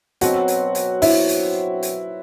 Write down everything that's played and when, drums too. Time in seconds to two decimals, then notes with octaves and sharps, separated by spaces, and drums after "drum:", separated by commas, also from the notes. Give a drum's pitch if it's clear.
0.21 B2 F#3 C4 F#4, drum: hi-hat
0.48 drum: hi-hat
0.75 drum: hi-hat
1.02 E4, drum: open hi-hat
1.29 drum: hi-hat
1.83 drum: hi-hat